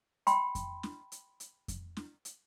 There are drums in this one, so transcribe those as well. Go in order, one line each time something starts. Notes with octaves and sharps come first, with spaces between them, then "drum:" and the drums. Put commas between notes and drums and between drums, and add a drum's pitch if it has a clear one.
G5 B5 C6, drum: hi-hat
drum: kick F2, hi-hat
drum: snare
drum: hi-hat
drum: hi-hat
drum: kick F2, hi-hat
drum: snare
drum: hi-hat